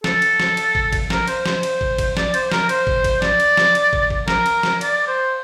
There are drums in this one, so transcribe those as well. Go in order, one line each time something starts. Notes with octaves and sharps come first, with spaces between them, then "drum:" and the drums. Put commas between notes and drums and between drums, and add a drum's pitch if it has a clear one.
A4, drum: snare
drum: cymbal
drum: snare
drum: cymbal
drum: kick
drum: kick, cymbal
A#4, drum: snare
C5, drum: cymbal
C5, drum: snare
drum: cymbal
drum: kick
drum: kick, cymbal
D5, drum: snare
C5, drum: cymbal
A#4, drum: snare
C5, drum: cymbal
drum: kick
drum: kick, cymbal
D5, drum: snare
drum: cymbal
drum: snare
drum: cymbal
drum: kick
drum: kick
A#4, drum: snare
drum: cymbal
drum: snare
D5, drum: cymbal
C5